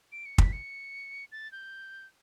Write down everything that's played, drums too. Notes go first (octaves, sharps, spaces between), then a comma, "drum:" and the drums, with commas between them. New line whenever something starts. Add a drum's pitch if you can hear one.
D7
C#7
B6, drum: kick
C#7
A6
G6